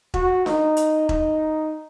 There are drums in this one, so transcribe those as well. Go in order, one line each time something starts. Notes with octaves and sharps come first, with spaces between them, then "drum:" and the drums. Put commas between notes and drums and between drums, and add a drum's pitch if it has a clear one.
F#4, drum: kick E1
D#4, drum: snare D4
drum: hi-hat
D#4, drum: kick E1